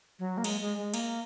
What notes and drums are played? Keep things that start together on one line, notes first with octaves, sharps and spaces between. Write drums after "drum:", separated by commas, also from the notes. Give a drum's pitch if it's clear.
F#3
A#3
G#3, drum: cymbal
G#3
G#3
A#3, drum: cymbal